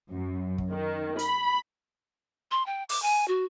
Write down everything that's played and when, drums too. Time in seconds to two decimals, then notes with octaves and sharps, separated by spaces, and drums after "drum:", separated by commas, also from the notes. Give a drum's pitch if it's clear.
0.11 F#2
0.58 drum: kick
0.71 D#3
1.19 B5, drum: hi-hat
2.51 C6
2.66 G5
2.89 D6, drum: open hi-hat
3.02 G#5
3.28 F#4